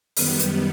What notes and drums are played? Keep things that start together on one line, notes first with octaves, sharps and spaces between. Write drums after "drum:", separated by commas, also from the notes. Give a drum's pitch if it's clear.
F#2 D#3 G3 B3, drum: open hi-hat
drum: hi-hat